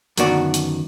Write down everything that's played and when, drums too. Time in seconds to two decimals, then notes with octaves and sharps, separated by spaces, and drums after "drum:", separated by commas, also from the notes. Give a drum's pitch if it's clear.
0.18 F#2 D3 D#3 B3 F#4 D5, drum: hi-hat
0.54 drum: hi-hat